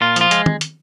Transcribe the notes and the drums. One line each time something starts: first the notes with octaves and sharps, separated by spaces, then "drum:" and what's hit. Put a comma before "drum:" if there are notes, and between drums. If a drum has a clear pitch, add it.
A#2 F4
F3 F4, drum: hi-hat
G#3, drum: hi-hat
drum: tom
drum: hi-hat